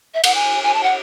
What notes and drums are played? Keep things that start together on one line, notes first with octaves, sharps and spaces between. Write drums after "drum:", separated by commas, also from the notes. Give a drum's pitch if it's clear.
E5
F#5, drum: cymbal
G#5
G#5
A5
F#5